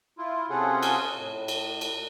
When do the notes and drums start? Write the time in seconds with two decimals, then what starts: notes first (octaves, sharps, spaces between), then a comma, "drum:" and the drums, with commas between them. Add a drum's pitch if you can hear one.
0.18 E4 F4
0.50 C3 C#4 F4 G#4 A4 F#5
0.83 drum: cymbal
1.18 A2
1.48 drum: cymbal
1.81 drum: cymbal